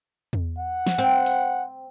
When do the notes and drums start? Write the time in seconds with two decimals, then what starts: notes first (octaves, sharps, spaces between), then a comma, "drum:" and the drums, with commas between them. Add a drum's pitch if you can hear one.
0.33 drum: tom E2
0.58 F#5
0.87 drum: snare
0.98 C4
1.26 drum: open hi-hat